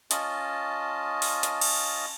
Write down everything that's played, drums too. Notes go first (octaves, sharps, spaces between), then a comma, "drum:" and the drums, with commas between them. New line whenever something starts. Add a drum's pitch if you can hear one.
C#4 F4 D#5 A5, drum: hi-hat
drum: open hi-hat
drum: hi-hat
drum: cymbal